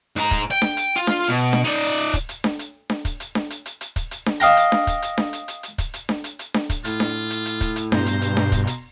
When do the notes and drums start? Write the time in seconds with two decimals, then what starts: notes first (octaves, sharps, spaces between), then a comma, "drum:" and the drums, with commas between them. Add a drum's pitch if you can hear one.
0.16 G#2 A#5, drum: hi-hat
0.31 drum: kick, hi-hat
0.51 G5
0.62 drum: snare D4
0.77 drum: hi-hat
0.96 F4
1.07 drum: snare D4
1.29 B2
1.53 drum: snare D4
1.65 D#4 D5
1.83 drum: hi-hat
1.98 drum: hi-hat
2.14 drum: kick, hi-hat
2.29 drum: hi-hat
2.44 drum: snare D4
2.59 drum: hi-hat
2.90 drum: snare D4
3.05 drum: kick, hi-hat
3.20 drum: hi-hat
3.35 drum: snare D4
3.50 drum: hi-hat
3.66 drum: hi-hat
3.81 drum: hi-hat
3.96 drum: kick, hi-hat
4.11 drum: hi-hat
4.26 drum: snare D4
4.40 D#5 F5 G5 A#5, drum: hi-hat
4.57 drum: hi-hat
4.72 drum: snare D4
4.87 drum: kick, hi-hat
5.02 drum: hi-hat
5.18 drum: snare D4
5.33 drum: hi-hat
5.48 drum: hi-hat
5.63 drum: hi-hat
5.78 drum: kick, hi-hat
5.94 drum: hi-hat
6.09 drum: snare D4
6.24 drum: hi-hat
6.39 drum: hi-hat
6.54 drum: snare D4
6.70 drum: kick, hi-hat
6.85 A2 F4, drum: hi-hat
7.00 drum: snare D4
7.30 drum: hi-hat
7.46 drum: hi-hat
7.61 drum: kick, hi-hat
7.76 drum: hi-hat
7.92 G2 B2 C5 A#5 C6, drum: snare D4
8.06 drum: hi-hat
8.22 drum: hi-hat
8.37 drum: snare D4
8.52 drum: kick, hi-hat
8.67 drum: hi-hat